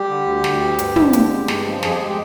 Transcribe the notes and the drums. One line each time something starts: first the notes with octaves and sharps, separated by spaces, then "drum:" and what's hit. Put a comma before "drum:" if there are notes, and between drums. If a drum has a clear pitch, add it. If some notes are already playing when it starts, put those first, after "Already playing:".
Already playing: G3 G4
D3
D2
D2, drum: snare
G3
G2, drum: hi-hat
F3, drum: tom
D3, drum: hi-hat
G#3
G2, drum: snare
F3
F2 G#4, drum: snare
G4
G#3 G#4
G4